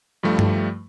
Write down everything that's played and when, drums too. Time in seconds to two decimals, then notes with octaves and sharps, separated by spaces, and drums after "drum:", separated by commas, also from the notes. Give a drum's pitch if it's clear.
0.23 G2 F3 G3 A3
0.39 drum: tom G2